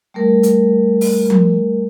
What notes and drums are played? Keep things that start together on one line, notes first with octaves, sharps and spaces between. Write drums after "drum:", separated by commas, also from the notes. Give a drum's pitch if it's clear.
G3 A3 A#4
drum: hi-hat
drum: open hi-hat
drum: tom F3